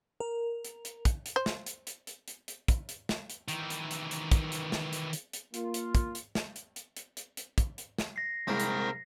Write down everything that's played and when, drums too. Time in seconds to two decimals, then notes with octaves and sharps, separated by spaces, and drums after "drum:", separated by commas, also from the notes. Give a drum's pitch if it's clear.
0.20 A#4
0.65 drum: hi-hat
0.85 drum: hi-hat
1.05 drum: kick, hi-hat
1.26 drum: hi-hat
1.36 C5
1.46 drum: snare
1.66 drum: hi-hat
1.87 drum: hi-hat
2.07 drum: hi-hat
2.28 drum: hi-hat
2.48 drum: hi-hat
2.68 drum: kick, hi-hat
2.89 drum: hi-hat
3.09 drum: snare
3.30 drum: hi-hat
3.48 D#3 E3, drum: hi-hat
3.70 drum: hi-hat
3.91 drum: hi-hat
4.11 drum: hi-hat
4.31 drum: kick, hi-hat
4.52 drum: hi-hat
4.72 drum: snare
4.93 drum: hi-hat
5.13 drum: hi-hat
5.33 drum: hi-hat
5.54 A#3 F4, drum: hi-hat
5.74 drum: hi-hat
5.95 drum: kick, hi-hat
6.15 drum: hi-hat
6.35 drum: snare
6.56 drum: hi-hat
6.76 drum: hi-hat
6.97 drum: hi-hat
7.17 drum: hi-hat
7.37 drum: hi-hat
7.58 drum: kick, hi-hat
7.78 drum: hi-hat
7.98 drum: snare
8.16 A#6 C7
8.48 C2 G#2 A#3 C4 A#4
8.60 drum: hi-hat